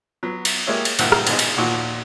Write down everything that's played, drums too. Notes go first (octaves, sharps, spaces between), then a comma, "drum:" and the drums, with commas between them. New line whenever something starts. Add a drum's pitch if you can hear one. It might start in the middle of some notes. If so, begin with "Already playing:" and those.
F#3 B3
drum: cymbal
G#3 A#3 G4 C#5 E5
drum: cymbal
D2 G2 A#2 E4 F#5 G5, drum: cymbal
drum: rim click
G#1 G#2 B2 F4 G#4 D#5, drum: cymbal
drum: cymbal
A#1 D#2 A#2 F#4